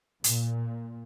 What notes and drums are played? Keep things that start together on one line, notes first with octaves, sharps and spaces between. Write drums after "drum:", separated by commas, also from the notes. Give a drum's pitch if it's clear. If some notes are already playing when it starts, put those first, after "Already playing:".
A#2, drum: hi-hat